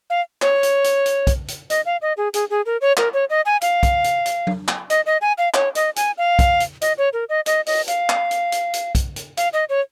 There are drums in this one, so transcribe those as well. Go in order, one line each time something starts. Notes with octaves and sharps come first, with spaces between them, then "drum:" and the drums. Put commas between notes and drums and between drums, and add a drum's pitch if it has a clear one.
F5
C#5, drum: clap
drum: hi-hat
drum: hi-hat
drum: hi-hat
drum: kick, hi-hat
drum: hi-hat
D#5, drum: hi-hat
F5
D#5
G#4
G#4, drum: hi-hat
G#4
A#4
C#5
A#4, drum: clap
C#5
D#5
G#5
F5, drum: hi-hat
drum: kick, hi-hat
drum: hi-hat
drum: hi-hat
drum: tom F#3
drum: clap
D#5, drum: hi-hat
D#5
G#5
F5
C#5, drum: clap
D#5, drum: hi-hat
G#5, drum: hi-hat
F5
drum: kick, hi-hat
drum: hi-hat
D#5, drum: hi-hat
C#5
A#4
D#5
D#5, drum: hi-hat
D#5, drum: open hi-hat
F5, drum: hi-hat
drum: clap
drum: hi-hat
drum: hi-hat
drum: hi-hat
drum: kick, hi-hat
drum: hi-hat
F5, drum: hi-hat
D#5
C#5